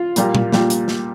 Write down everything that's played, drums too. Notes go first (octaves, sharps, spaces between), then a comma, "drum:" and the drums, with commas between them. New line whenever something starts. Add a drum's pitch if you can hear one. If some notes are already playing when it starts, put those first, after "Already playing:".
Already playing: F4
A#2 G3 A#3, drum: hi-hat
drum: tom A#2
A#2 G3 A#3, drum: snare
drum: hi-hat
drum: snare